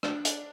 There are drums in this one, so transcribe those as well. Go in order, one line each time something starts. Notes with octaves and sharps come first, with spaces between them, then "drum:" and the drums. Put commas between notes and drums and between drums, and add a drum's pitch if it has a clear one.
D4, drum: rim click
drum: hi-hat